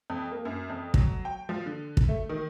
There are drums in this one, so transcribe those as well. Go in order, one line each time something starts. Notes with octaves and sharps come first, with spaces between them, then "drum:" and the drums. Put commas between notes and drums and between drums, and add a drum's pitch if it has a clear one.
F2
A#3
F#2
F2
F#3, drum: kick
G5
F3
D3
drum: kick
A3
D#3